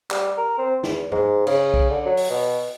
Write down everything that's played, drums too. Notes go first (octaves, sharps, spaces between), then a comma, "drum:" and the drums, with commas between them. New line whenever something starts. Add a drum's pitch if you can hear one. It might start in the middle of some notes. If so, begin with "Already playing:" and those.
G3, drum: clap
A#4
C4
E2, drum: snare
G#2, drum: tom G2
C#3, drum: cymbal
drum: kick B1
D3
F#3
drum: open hi-hat
B2